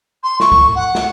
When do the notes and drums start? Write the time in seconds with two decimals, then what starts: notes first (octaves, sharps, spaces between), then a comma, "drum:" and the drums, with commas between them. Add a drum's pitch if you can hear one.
0.23 C6
0.40 C#6, drum: snare
0.52 drum: kick C2
0.75 F#5
0.95 drum: snare